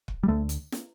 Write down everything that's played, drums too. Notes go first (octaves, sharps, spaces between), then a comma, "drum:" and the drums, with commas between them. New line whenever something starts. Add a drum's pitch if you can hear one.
drum: kick
G3
D2 A3
drum: hi-hat
drum: snare